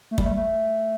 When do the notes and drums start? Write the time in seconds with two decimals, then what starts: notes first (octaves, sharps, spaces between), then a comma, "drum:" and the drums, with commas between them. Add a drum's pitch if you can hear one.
0.11 A3
0.18 G3, drum: kick
0.26 A3
0.36 A3